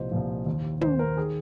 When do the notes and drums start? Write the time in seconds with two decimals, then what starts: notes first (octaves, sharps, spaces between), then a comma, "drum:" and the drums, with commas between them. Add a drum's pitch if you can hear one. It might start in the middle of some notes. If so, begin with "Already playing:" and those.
Already playing: C2 A#2 F3 C5 D#5
0.11 C2 A#2 F3
0.46 D#2 D#3
0.81 D#2 D#3 C5, drum: tom
0.99 A#4
1.16 D#3 G#4